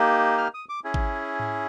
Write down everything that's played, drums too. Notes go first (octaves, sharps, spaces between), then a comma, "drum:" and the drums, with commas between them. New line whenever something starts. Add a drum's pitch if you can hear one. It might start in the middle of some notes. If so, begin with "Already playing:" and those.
Already playing: A#3 D#4 G4
F6
D#6
D6
C#4 E4 G#4
drum: kick G#1
drum: tom G#2